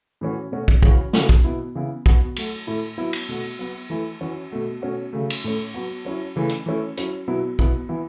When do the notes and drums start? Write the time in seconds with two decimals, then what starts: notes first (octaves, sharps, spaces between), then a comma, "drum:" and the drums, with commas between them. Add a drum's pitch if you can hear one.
0.21 A2 E3 C#4 F#4
0.52 B2 A3 C#4 F#4
0.68 drum: kick
0.83 C#3 E3 C#4 F#4, drum: kick
1.13 C#3 E3 A3 C#4 F#4, drum: snare
1.29 drum: kick
1.44 B2 B3 E4
1.75 C#3 E3 B3 E4
2.06 B2 B3 F#4, drum: kick
2.36 F#3 A3 F#4, drum: cymbal
2.67 A2 A3 E4
2.98 F#3 B3 E4
3.13 drum: cymbal
3.28 B2 A3 F#4
3.59 F#3 B3 F#4
3.90 E3 A3 E4
4.21 E3 C#4 F#4
4.52 B2 A3 F#4
4.82 B2 A3 C#4 F#4
5.13 C#3 F#3 A3
5.30 drum: cymbal
5.44 A2 A3 C#4
5.74 F#3 B3 F#4
6.05 F#3 C#4 E4
6.36 C#3 E3 A3 E4
6.49 drum: hi-hat
6.66 E3 A3 C#4 E4
6.97 F#3 C#4 E4, drum: hi-hat
7.28 B2 F#3 B3 E4
7.59 B2 B3 E4, drum: kick
7.89 E3 B3 E4